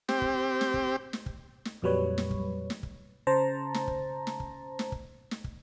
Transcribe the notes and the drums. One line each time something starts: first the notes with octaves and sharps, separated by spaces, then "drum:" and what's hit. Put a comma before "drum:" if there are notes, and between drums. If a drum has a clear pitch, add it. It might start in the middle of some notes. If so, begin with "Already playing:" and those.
C4 G4, drum: snare
drum: kick
drum: snare
drum: kick
drum: snare
drum: kick
drum: snare
F2 A#2 F#3 G3 B4 C#5
drum: snare
drum: kick
drum: snare
drum: kick
C#3 C5 A5 A#5
drum: snare
drum: kick
drum: snare
drum: kick
drum: snare
drum: kick
drum: snare
drum: kick